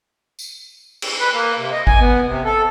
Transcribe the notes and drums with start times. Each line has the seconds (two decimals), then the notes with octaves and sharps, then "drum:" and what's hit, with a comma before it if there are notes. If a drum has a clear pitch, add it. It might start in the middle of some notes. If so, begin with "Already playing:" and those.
0.39 drum: tambourine
1.02 drum: cymbal
1.20 B4
1.33 A#3
1.57 C3
1.72 D#5
1.87 G#5, drum: kick G#1
2.00 B3
2.27 C3
2.45 A4